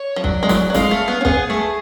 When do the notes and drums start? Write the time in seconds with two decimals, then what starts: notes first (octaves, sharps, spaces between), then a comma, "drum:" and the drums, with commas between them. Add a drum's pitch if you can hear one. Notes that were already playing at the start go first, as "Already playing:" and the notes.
Already playing: C#5
0.16 F3
0.24 F#3 D5, drum: kick
0.43 G#3
0.49 F#3, drum: snare
0.70 F#3
0.74 G#3 F5, drum: snare
0.91 A3
1.08 B3
1.21 C#4
1.25 B3 G#4, drum: kick
1.50 A3